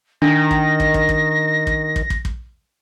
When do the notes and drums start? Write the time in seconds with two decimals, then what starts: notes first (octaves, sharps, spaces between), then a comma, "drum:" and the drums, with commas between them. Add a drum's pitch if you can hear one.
0.22 D#3 D4 A#6
0.51 drum: kick
0.80 drum: kick
0.94 drum: kick
1.09 drum: kick
1.67 drum: kick
1.96 drum: kick
2.10 drum: kick
2.25 drum: kick